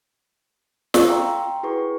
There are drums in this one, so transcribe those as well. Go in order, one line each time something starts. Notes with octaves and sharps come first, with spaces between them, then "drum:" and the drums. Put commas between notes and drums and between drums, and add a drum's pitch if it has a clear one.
F5 C#6 E6, drum: snare
G5 A#5 C6
E4 F#4 G#4 B4 C#6